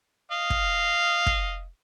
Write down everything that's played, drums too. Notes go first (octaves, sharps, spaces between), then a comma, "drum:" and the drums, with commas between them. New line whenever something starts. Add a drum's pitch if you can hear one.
D#5 F5
drum: kick
drum: kick